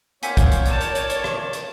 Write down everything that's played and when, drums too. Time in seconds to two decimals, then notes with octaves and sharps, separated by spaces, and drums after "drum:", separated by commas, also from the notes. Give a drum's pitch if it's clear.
0.23 A#3 C4 C5 C#5 F#5 G#5 B6, drum: hi-hat
0.37 drum: kick, hi-hat
0.52 drum: hi-hat
0.66 A#4 D5 A5 G6, drum: hi-hat
0.81 drum: hi-hat
0.95 drum: hi-hat
1.10 drum: hi-hat
1.24 drum: rim click
1.53 drum: hi-hat